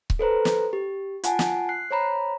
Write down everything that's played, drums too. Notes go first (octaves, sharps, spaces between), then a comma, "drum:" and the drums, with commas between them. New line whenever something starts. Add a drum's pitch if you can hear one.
drum: kick C#1
A4 B4 C5 A#5
drum: snare
G4
F4 F#5 G#5 A5, drum: hi-hat
drum: snare
F#6 C7
C5 C#5 A#5 B5